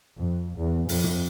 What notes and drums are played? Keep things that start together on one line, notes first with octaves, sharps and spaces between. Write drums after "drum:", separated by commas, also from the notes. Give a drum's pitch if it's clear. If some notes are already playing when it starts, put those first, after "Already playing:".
F2
E2
F2, drum: open hi-hat
drum: tom